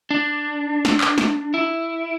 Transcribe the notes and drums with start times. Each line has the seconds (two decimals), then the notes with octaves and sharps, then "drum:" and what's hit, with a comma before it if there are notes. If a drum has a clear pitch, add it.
0.11 D4
0.85 drum: snare
1.01 drum: clap
1.18 drum: snare
1.54 E4